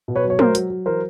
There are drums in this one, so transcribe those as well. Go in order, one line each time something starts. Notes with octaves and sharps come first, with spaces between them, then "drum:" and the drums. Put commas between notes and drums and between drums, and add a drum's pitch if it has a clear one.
B2
B4 C#5
F#3
C#5
F#3 A#4 C5, drum: tom
F#3, drum: hi-hat
F#3
E3 A#4 C5